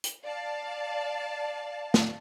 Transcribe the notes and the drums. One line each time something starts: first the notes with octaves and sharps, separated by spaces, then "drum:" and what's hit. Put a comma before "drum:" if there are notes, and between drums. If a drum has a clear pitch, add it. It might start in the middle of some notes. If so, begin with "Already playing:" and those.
drum: hi-hat
D5 F5 A5
drum: snare